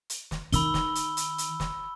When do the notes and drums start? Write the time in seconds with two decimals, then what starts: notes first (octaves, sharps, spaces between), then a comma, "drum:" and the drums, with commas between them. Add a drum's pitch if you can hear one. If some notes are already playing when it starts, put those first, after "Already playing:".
0.10 drum: hi-hat
0.31 drum: snare
0.52 D#3 D#4 B5 E6 G7, drum: hi-hat
0.74 drum: snare
0.95 drum: hi-hat
1.17 drum: hi-hat
1.38 drum: hi-hat
1.60 drum: snare